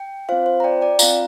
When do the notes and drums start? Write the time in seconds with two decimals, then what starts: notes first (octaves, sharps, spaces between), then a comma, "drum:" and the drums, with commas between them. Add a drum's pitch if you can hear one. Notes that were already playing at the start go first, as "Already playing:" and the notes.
Already playing: G5
0.29 C4 F4 C5 F5
0.46 C5
0.60 A#5
0.64 D5 G5
0.81 D5 G5
0.99 C4 F4 F5 A#5, drum: tambourine